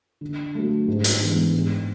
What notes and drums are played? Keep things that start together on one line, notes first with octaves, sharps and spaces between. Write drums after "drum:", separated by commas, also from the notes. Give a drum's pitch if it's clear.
D3
F#3 A3
G#2
drum: hi-hat
E3 G#3 B3 D4
G#2